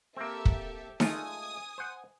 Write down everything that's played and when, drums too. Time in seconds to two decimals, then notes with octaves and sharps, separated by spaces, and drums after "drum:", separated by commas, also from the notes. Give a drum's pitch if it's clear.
0.17 A#3 C4 G4 A4 E5
0.45 drum: kick
1.00 G#3 A3 F4 G#5 D#6, drum: snare D#4
1.78 C5 F#5